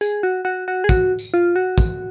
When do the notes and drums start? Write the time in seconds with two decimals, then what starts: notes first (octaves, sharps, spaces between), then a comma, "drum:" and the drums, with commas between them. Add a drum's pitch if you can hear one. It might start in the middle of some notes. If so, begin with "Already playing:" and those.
0.01 G#4, drum: tambourine
0.23 F#4
0.45 F#4
0.68 F#4
0.84 G#4
0.89 F#4, drum: kick, tambourine
1.19 drum: tambourine
1.34 F4
1.56 F#4
1.78 drum: kick, tambourine